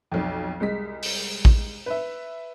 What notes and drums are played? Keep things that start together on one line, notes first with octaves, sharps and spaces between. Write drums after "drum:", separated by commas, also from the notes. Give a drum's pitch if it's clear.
B1 F2
C2 G#3 B6
drum: open hi-hat
drum: kick A1
B4 E5